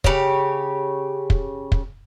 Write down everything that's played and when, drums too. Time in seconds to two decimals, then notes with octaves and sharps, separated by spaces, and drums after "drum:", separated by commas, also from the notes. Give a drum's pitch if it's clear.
0.04 C#3 G4 C#5, drum: kick
1.30 drum: kick
1.72 drum: kick